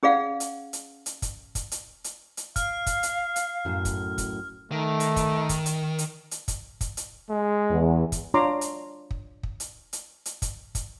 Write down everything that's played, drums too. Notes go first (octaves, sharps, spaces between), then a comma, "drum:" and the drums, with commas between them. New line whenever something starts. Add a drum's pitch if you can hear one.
C#4 G#4 D5 F5 F#5
drum: hi-hat
drum: hi-hat
drum: hi-hat
drum: kick, hi-hat
drum: kick, hi-hat
drum: hi-hat
drum: hi-hat
drum: hi-hat
F5 F6, drum: kick, hi-hat
drum: kick, hi-hat
drum: hi-hat
drum: hi-hat
F#2 A2
drum: kick, hi-hat
drum: kick, hi-hat
D#3 A3
drum: hi-hat
drum: kick, hi-hat
drum: kick, hi-hat
drum: hi-hat
drum: hi-hat
drum: hi-hat
drum: kick, hi-hat
drum: kick, hi-hat
drum: hi-hat
G#3
E2
drum: kick, hi-hat
D4 F4 C#5 A#5 C6 D6
drum: hi-hat
drum: kick
drum: kick
drum: hi-hat
drum: hi-hat
drum: hi-hat
drum: kick, hi-hat
drum: kick, hi-hat